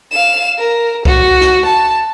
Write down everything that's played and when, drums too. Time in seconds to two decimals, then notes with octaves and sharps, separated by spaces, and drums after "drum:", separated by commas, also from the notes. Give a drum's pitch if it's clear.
0.12 F5 E7
0.58 A#4
1.05 F#4, drum: kick C2
1.41 drum: snare
1.65 A5